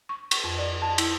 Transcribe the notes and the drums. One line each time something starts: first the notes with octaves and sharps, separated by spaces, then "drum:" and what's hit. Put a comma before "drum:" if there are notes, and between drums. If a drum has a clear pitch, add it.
C#6
C#6, drum: cymbal
F2
D5
A5
E4, drum: cymbal